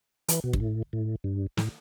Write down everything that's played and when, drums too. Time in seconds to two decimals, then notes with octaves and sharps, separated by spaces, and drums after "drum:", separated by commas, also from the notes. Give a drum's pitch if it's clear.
0.28 E3, drum: hi-hat
0.44 B2
0.53 G2, drum: kick
0.60 A2
0.93 A2
1.24 G2
1.57 A2, drum: snare